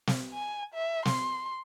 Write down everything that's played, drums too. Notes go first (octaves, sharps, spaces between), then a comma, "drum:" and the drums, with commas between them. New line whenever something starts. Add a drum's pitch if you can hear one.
drum: snare
G#5
E5
C6, drum: snare